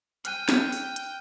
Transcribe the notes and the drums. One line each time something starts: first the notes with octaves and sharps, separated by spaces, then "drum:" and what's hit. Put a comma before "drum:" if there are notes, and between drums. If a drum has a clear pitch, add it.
G5 F6 F#6 D#7, drum: hi-hat
drum: snare
drum: open hi-hat
drum: hi-hat